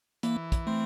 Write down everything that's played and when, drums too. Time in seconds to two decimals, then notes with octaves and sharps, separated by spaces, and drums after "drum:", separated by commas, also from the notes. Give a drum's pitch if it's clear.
0.23 E3 A#3, drum: hi-hat
0.52 drum: kick, hi-hat
0.67 A3 C4